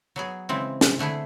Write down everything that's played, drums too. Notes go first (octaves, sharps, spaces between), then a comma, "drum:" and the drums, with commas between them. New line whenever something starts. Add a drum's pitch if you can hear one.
F#3 B3 G#4
C#3 E3 G#3 C4
drum: snare
D3 A3 E4 G#4